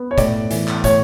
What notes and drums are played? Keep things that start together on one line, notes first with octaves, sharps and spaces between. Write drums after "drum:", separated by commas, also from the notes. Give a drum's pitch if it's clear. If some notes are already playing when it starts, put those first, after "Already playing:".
Already playing: B3
C#5
A2 D5, drum: kick, hi-hat
E3, drum: hi-hat
drum: clap
A2 C#5, drum: kick, hi-hat